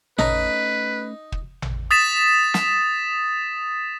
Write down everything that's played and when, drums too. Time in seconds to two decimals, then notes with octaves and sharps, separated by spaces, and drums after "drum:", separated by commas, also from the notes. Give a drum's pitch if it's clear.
0.19 A3 C#4 D#4 B4 A#5, drum: tom A1
1.32 drum: kick
1.62 drum: tom A1
1.91 D#6 A6 B6 E7
2.54 drum: snare